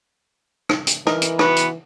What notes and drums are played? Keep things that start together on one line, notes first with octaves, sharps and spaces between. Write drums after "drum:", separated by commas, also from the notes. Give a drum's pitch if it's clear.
drum: rim click
drum: hi-hat
E3 A#4 D#5, drum: rim click
drum: hi-hat
B3 F#4, drum: rim click
drum: hi-hat